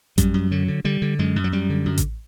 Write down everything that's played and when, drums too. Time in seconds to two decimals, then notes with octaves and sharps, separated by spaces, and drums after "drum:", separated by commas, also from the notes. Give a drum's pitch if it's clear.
0.18 F#2 G3, drum: kick A1, hi-hat
0.34 F#2
0.51 D3 F#3
0.68 D3
0.85 D3 G3
1.02 D3
1.19 F#2 G#3
1.36 F#2
1.44 F#3
1.52 F#2 G3
1.70 D3
1.86 F#2
1.98 drum: kick A1, hi-hat